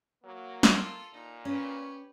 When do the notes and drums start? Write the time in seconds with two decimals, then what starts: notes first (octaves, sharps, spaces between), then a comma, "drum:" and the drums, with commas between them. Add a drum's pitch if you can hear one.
0.24 F#3 A#3
0.63 F4 A4, drum: snare
1.14 A#2 D#4
1.45 C#4 G4 B4 C#5